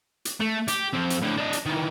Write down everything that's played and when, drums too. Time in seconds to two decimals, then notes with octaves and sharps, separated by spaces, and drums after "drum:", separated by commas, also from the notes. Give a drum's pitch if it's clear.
0.25 drum: hi-hat
0.40 A3
0.68 G4, drum: hi-hat
0.93 F3 C4
1.10 drum: hi-hat
1.22 A2 D3
1.37 D4 D#5
1.53 drum: hi-hat
1.66 D#3 E3